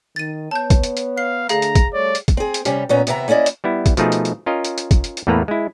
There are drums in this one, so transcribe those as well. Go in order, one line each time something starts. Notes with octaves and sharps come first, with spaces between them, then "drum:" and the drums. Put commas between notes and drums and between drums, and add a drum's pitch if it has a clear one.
D#3 A6 D#7
B3 C#5 A5 G6
drum: kick, hi-hat
drum: hi-hat
drum: hi-hat
F5 C7
D3 A3 G#4 F5 A#5, drum: hi-hat
drum: hi-hat
drum: kick, hi-hat
G3 A3 C#5 D5
drum: hi-hat
drum: kick, hi-hat
C4 G#4
drum: hi-hat
C3 G3 C#4 G4, drum: hi-hat
A#2 B3 C#4 A#5
D#2 C3 B3 E5 A#5, drum: hi-hat
A#3 C#4 E4 D5 D#5
drum: hi-hat
G3 B3 E4
drum: kick, hi-hat
B2 F3 A3 D#4 G#4, drum: hi-hat
drum: hi-hat
drum: hi-hat
C#4 F4 A#4 D#5
drum: hi-hat
drum: hi-hat
drum: kick, hi-hat
drum: hi-hat
drum: hi-hat
E2 A2 A3 A#3 B4 A#5
G#3 E4